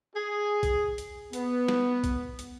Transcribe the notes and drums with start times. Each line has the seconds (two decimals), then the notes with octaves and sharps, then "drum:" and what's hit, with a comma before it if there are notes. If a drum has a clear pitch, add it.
0.15 G#4
0.63 drum: kick B1, hi-hat
0.98 drum: hi-hat
1.33 B3, drum: hi-hat
1.68 drum: snare
2.04 drum: kick B1, hi-hat
2.39 drum: hi-hat